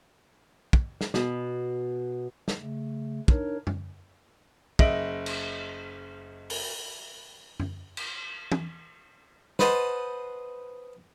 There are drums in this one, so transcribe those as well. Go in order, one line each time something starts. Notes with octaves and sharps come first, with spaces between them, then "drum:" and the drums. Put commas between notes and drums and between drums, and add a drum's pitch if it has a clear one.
drum: kick
drum: snare
B2, drum: snare
drum: snare
C#3 A3
D4 D#4 A#4 C#5, drum: kick
drum: tom F#2
F#1 D#5 E5 A#6 D7 F#7, drum: kick
drum: cymbal
drum: open hi-hat
drum: tom F#2
drum: cymbal
drum: tom
B4 C5 D#5 F#5 A5 C6, drum: snare